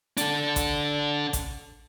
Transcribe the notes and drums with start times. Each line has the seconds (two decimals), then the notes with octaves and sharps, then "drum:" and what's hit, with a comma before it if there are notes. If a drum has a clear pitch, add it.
0.17 D4 A4, drum: hi-hat
0.56 drum: kick A1, hi-hat
1.33 drum: kick A1, hi-hat